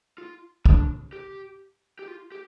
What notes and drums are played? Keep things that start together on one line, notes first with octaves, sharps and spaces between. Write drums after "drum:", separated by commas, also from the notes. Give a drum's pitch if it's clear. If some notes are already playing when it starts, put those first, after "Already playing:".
F4
D4, drum: kick
G4
G4
F4
G4